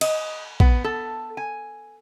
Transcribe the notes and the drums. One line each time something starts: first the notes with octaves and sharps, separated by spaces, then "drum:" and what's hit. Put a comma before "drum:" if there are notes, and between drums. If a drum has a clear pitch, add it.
D#5, drum: cymbal
B3, drum: kick A#1
A4
G#5